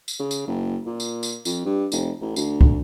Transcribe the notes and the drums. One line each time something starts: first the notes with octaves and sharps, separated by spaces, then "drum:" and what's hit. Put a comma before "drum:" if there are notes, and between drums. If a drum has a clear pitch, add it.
drum: tambourine
C#3
drum: tambourine
F#1
A#2
drum: tambourine
drum: tambourine
F2, drum: tambourine
G2
F1, drum: tambourine
A1
D2, drum: tambourine
drum: kick